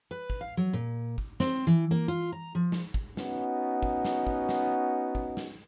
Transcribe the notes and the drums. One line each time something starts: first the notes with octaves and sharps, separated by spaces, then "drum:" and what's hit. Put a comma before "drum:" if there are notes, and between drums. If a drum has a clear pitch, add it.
B4
drum: kick
F5
F#3
A#2
drum: kick
C4, drum: snare
E3
A#3
F4
A#5
F3
drum: snare
drum: kick
B3 C#4 D#4 F#4, drum: snare
drum: kick
drum: snare
drum: kick
drum: snare
drum: kick
drum: snare